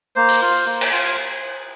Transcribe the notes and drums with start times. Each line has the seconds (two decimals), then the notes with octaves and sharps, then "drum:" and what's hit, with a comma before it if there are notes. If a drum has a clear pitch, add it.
0.16 A#3 C5
0.28 drum: open hi-hat
0.41 F4
0.66 A#3
0.81 drum: cymbal
0.91 F4